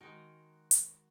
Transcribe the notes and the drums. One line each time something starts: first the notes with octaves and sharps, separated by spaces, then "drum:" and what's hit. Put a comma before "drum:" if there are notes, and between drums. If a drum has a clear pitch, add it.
D#3 G#3 D#4 F#4 A#4
drum: hi-hat